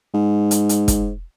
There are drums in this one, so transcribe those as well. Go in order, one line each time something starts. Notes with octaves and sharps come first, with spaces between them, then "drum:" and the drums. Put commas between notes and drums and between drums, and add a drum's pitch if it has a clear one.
G#2
drum: hi-hat
drum: hi-hat
drum: kick, hi-hat